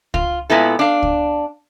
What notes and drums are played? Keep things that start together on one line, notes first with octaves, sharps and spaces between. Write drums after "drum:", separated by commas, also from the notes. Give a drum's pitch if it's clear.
F4, drum: kick C#2
A#2 G#3 B3 E4 A4
D4 F5
drum: kick C#2